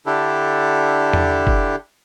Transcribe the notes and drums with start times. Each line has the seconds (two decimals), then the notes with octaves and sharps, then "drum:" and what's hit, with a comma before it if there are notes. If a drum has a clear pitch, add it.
0.06 D3 D4 E4 G4 A4
1.13 drum: tom E2
1.47 drum: kick